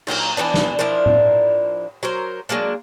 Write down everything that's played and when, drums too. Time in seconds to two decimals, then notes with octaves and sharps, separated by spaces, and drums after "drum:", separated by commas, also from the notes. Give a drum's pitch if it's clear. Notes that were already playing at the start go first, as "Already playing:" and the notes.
0.07 A#2 F#3 A#4 A#5, drum: cymbal
0.37 E3 G3 B3 D4
0.54 drum: snare
0.79 F3 D4 E4 A#4
1.06 drum: tom A2
2.03 F#3 A#4 C5
2.49 F#3 G#3 A#3 D4